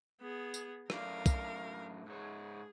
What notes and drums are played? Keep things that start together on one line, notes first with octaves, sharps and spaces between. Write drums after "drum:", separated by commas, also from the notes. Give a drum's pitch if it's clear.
B3 G#4
drum: tambourine
F#2 A2 A#4 D5 F5, drum: rim click
drum: kick, tambourine
G#2 G#4 C#5